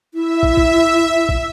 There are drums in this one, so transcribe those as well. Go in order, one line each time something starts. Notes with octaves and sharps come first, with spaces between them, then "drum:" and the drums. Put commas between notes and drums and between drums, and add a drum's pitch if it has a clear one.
E4 E5
drum: kick
drum: kick
drum: kick